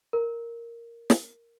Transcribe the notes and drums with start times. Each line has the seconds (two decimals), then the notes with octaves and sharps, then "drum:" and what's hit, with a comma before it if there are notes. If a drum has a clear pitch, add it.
0.13 A#4
1.10 drum: snare